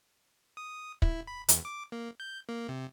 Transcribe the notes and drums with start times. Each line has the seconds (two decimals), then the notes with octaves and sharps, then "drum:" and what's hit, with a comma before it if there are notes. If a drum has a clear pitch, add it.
0.57 D#6
1.02 E4, drum: kick
1.27 B5
1.49 E2, drum: hi-hat
1.65 D6
1.92 A#3
2.20 G6
2.49 A#3
2.69 C3